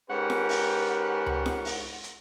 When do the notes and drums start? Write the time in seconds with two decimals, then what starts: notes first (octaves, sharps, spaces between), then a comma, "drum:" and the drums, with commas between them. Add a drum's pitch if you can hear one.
0.10 G#2 C#4 G4 A#4 B4 F#5
0.30 drum: snare F4
0.49 drum: open hi-hat
1.26 drum: tom C#2
1.46 drum: snare F4
1.65 drum: open hi-hat
2.04 drum: hi-hat